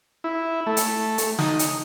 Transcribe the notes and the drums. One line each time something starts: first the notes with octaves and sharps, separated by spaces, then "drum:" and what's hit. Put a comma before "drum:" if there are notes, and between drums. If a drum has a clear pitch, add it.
E4
A3
drum: hi-hat
drum: hi-hat
D#4, drum: snare
drum: hi-hat